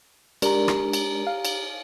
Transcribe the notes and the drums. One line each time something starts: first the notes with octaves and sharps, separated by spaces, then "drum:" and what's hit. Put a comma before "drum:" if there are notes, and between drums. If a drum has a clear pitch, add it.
G#3 D4 G4 A#4 A#5, drum: cymbal
drum: rim click
drum: cymbal
F5
drum: cymbal